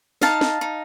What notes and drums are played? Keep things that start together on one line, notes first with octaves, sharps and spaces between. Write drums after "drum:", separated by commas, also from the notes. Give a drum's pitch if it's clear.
D#4 F5 A5, drum: snare
drum: snare
D#4